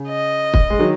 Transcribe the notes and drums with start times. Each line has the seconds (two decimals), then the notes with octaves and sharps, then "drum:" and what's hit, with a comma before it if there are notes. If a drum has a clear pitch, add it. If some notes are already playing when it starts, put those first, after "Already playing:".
Already playing: C#3
0.09 D#5
0.54 drum: kick
0.70 G#3
0.79 D#3 F#3